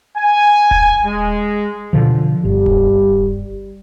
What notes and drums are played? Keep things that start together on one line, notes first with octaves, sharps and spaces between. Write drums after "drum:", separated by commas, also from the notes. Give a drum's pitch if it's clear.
G#5
drum: kick D#1
G#3
B2 D3 F3
G1 G3
drum: kick D#1